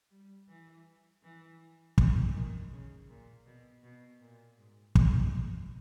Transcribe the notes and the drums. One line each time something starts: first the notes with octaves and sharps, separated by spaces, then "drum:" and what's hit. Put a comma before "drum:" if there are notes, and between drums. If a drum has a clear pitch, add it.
G3
E3
E3
E3, drum: kick
D#3
C#3
A#2
B2
B2
A#2
G#2
G#2, drum: kick